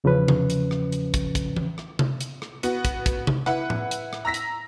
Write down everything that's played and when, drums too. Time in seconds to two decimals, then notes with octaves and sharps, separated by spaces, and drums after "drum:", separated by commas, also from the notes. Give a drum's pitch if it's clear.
0.04 E2 C#3 F3 C#4 B4
0.28 drum: tom C3
0.50 drum: hi-hat
0.71 drum: rim click
0.92 drum: hi-hat
1.14 drum: kick, hi-hat
1.35 drum: kick, hi-hat
1.56 drum: tom E3
1.78 drum: rim click
1.99 drum: tom C3
2.21 drum: hi-hat
2.42 drum: rim click
2.63 B3 F#4, drum: hi-hat
2.85 drum: kick, hi-hat
3.06 drum: kick, hi-hat
3.27 drum: tom C3
3.46 E4 B4 F#5, drum: rim click
3.70 drum: tom A2
3.91 drum: hi-hat
4.13 drum: rim click
4.25 A#5 E6 A#6 B6
4.34 drum: hi-hat